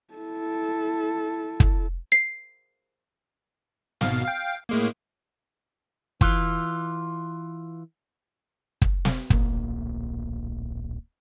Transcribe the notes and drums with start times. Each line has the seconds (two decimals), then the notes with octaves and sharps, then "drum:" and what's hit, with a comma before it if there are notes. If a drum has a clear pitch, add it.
0.14 E4 A4
1.60 drum: kick
2.12 C7
4.01 G#1 B2 F5, drum: snare
4.25 F5 G5
4.69 A2 G#3 A#3
6.21 E3 F4, drum: kick
8.82 drum: kick
9.05 drum: snare
9.30 D1 A#1 A#3, drum: kick